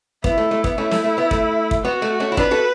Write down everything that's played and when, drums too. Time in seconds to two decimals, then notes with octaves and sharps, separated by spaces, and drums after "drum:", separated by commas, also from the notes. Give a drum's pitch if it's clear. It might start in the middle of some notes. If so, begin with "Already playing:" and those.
0.24 B3 E4, drum: kick
0.38 A3
0.51 A3
0.64 B3, drum: kick
0.78 A3 C#4 E4
0.91 A3, drum: snare
1.04 A3
1.18 B3
1.31 A3, drum: kick
1.71 drum: kick
1.84 B3 F#4
2.02 A3
2.20 A3 C#4
2.32 E4
2.37 B3 D4 B4, drum: kick
2.51 F#4 A4